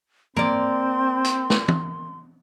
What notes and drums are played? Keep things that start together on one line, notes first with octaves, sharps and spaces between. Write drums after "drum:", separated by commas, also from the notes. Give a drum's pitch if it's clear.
A#3 C4 D5 C6, drum: tom
drum: hi-hat
drum: snare
drum: tom